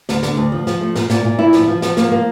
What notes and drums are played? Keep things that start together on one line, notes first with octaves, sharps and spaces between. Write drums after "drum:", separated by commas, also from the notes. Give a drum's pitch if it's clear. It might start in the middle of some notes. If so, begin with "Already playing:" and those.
D2, drum: snare
D3, drum: snare
D2
F3
F3, drum: snare
A3
A#2, drum: snare
A#2, drum: snare
A#2
E4
F3, drum: snare
F3
F3, drum: snare
A#3, drum: snare
A#3